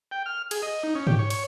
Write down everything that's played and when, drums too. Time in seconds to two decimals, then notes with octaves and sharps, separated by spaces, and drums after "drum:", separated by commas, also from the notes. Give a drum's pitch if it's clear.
0.11 G5
0.26 F6
0.51 G#4, drum: cymbal
0.63 D#5
0.83 D#4
0.95 C#4
1.07 G4, drum: tom G#2
1.19 C#5
1.30 C#5, drum: cymbal